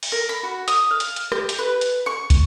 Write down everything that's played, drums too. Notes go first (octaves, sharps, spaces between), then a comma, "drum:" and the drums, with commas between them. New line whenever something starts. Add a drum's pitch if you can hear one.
drum: open hi-hat
A#4
B5
F#4
D#6, drum: hi-hat
F5
drum: hi-hat
drum: hi-hat
G4, drum: rim click
drum: hi-hat
B4
drum: hi-hat
C#6
drum: kick, hi-hat